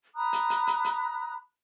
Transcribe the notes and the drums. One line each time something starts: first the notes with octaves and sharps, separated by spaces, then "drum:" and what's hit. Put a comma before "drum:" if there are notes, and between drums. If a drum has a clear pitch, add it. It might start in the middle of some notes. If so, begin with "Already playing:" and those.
A#5 B5 D#6 F#6
drum: hi-hat
drum: hi-hat
drum: hi-hat
drum: hi-hat